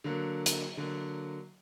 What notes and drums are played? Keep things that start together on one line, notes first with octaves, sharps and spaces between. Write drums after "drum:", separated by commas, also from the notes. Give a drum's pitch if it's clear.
D3 F#3 A#3
drum: hi-hat
D3 F#3 A#3